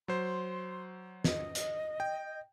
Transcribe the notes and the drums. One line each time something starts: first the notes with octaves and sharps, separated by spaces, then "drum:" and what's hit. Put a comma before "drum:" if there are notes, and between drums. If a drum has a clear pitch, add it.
F#3 C5 C6
D#5, drum: snare
drum: hi-hat
G5